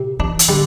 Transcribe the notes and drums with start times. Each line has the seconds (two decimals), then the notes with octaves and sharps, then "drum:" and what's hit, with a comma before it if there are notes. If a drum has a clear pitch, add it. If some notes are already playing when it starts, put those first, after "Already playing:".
Already playing: C3
0.19 E3 D4
0.39 drum: hi-hat
0.48 D3 G3